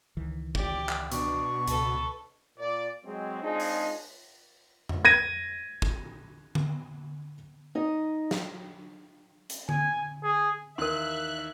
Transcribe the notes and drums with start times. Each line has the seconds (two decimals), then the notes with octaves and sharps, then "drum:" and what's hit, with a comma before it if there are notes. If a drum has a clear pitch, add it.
0.17 C#2 D#3 E3
0.55 G4 D5, drum: kick
0.89 drum: clap
1.12 B2 D4 C#6, drum: hi-hat
1.67 C#2 A4 B4, drum: hi-hat
2.58 A#2 D5
3.05 F#3 G#3 C4
3.43 G#3 C4 D4 D#4 F4 G#4
3.60 drum: open hi-hat
4.89 drum: tom F2
5.05 G#6 A#6 D#7
5.82 drum: kick
6.55 drum: tom D3
7.75 D#4 D#5
8.31 drum: snare
9.50 drum: hi-hat
9.69 G#5, drum: tom D3
10.23 G#4
10.78 D#2 D#3 E3 A#4 E5 C6 F#6